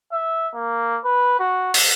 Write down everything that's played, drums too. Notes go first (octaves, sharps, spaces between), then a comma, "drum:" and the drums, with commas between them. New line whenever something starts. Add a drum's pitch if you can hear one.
E5
A#3
B4
F#4
drum: open hi-hat